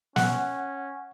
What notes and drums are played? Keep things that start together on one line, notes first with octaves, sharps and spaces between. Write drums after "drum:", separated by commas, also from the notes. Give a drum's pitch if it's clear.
C#4 F#5, drum: snare